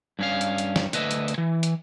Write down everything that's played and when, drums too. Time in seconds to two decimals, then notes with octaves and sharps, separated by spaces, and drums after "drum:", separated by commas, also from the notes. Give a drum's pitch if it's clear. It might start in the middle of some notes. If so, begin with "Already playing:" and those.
0.19 G2 C#4 F5
0.41 drum: hi-hat
0.58 drum: hi-hat
0.76 drum: snare
0.93 D2 B4 D#5 E5, drum: hi-hat
1.11 drum: hi-hat
1.28 drum: hi-hat
1.38 E3
1.63 drum: hi-hat